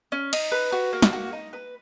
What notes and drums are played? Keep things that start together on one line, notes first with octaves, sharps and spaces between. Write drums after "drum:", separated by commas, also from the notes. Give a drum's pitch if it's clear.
C#4
D#4, drum: cymbal
B4
F#4
A#3
drum: snare
F#4
D#4
B4